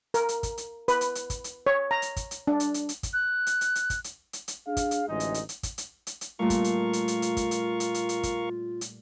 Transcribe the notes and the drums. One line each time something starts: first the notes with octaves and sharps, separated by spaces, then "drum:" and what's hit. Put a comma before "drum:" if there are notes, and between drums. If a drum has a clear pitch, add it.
A#4, drum: hi-hat
drum: hi-hat
drum: kick, hi-hat
drum: hi-hat
B4, drum: hi-hat
drum: hi-hat
drum: hi-hat
drum: kick, hi-hat
drum: hi-hat
C#5
A#5
drum: hi-hat
drum: kick, hi-hat
drum: hi-hat
D4
drum: hi-hat
drum: hi-hat
drum: hi-hat
drum: kick, hi-hat
F#6
drum: hi-hat
drum: hi-hat
drum: hi-hat
drum: kick, hi-hat
drum: hi-hat
drum: hi-hat
drum: hi-hat
D4 G#4 F5
drum: kick, hi-hat
drum: hi-hat
A1 D2 G#3 D#4 D#5
drum: hi-hat
drum: hi-hat
drum: hi-hat
drum: kick, hi-hat
drum: hi-hat
drum: hi-hat
drum: hi-hat
A#2 G3 A3 F4 A#4 F5 C#6
drum: kick, hi-hat
drum: hi-hat
drum: hi-hat
drum: hi-hat
drum: hi-hat
drum: kick, hi-hat
drum: hi-hat
drum: hi-hat
drum: hi-hat
drum: hi-hat
drum: kick, hi-hat
drum: hi-hat